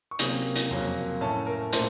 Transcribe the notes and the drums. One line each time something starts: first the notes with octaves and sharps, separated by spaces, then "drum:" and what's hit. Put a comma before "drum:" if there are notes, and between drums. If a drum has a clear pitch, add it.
C#6
C3 F#3 A#3 C#4 D#6, drum: hi-hat
drum: hi-hat
F2 C#3 F#3 A#3 C#4
A2 A3 C#4 A5
A#4
A#2 A3 C5, drum: hi-hat